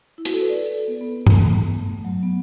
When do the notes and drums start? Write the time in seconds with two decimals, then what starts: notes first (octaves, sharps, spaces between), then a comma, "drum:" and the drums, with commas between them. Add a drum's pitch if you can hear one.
0.18 E4
0.25 F#4, drum: hi-hat
0.33 A4
0.41 B4
0.49 D5
0.61 A4
0.75 A4
0.88 B3
1.01 B3
1.14 B3
1.27 F#3, drum: tom G2
1.40 A3
1.53 B3
1.79 A3
2.05 F#3
2.23 B3